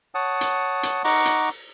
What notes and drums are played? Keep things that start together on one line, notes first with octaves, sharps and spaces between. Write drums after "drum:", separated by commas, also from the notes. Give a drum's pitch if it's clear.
C#5 F#5 A5 D#6
drum: hi-hat
drum: hi-hat
D#4 F#5 A#5 C#6 D6, drum: open hi-hat
drum: hi-hat